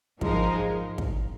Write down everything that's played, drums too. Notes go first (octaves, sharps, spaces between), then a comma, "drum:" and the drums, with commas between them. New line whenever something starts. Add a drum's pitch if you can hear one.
G#2 F3 G#3 D#4 A#4, drum: kick
drum: kick